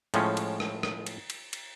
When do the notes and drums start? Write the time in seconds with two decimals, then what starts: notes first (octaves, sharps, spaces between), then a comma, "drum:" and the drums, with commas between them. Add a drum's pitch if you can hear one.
0.14 A2 F3 G#3 C#4, drum: cymbal
0.37 drum: cymbal
0.60 drum: rim click
0.83 drum: rim click
1.06 drum: cymbal
1.30 drum: cymbal
1.53 drum: cymbal